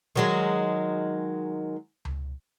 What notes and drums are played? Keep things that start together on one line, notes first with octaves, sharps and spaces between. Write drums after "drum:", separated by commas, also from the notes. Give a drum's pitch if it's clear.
D#3 F#3 G#3
drum: tom C#2